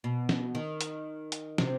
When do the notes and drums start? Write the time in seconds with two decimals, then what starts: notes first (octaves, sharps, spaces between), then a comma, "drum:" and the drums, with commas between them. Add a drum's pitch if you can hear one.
0.04 B2
0.29 drum: snare
0.55 D#3
0.81 drum: hi-hat
1.32 drum: hi-hat
1.58 C3, drum: snare